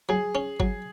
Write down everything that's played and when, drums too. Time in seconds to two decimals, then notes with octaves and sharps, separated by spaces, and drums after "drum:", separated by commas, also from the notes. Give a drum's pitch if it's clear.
0.09 F#3 G#4
0.35 C#4
0.60 F#3, drum: kick G1